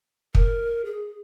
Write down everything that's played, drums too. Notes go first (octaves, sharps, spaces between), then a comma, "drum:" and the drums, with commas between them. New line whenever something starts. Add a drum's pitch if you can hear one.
A#4, drum: kick
G#4